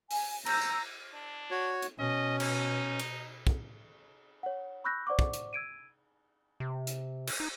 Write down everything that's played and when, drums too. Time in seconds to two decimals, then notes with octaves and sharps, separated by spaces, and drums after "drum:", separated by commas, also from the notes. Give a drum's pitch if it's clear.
0.11 G#5, drum: open hi-hat
0.46 A#5 E6 G6, drum: cymbal
0.61 drum: tambourine
1.14 D4
1.51 F#4 C#5
1.82 drum: hi-hat
1.99 B2 C#4 D#5
2.40 D#4, drum: cymbal
2.99 drum: cymbal
3.47 drum: kick
4.43 C#5 F#5
4.84 B5 C#6 E6 F#6 G6 A#6
5.07 C5 D5 F#5 C#6 D6
5.19 drum: kick
5.33 drum: hi-hat
5.53 E6 G#6 D7 D#7
6.60 C3
6.87 drum: hi-hat
7.27 drum: cymbal
7.40 D#4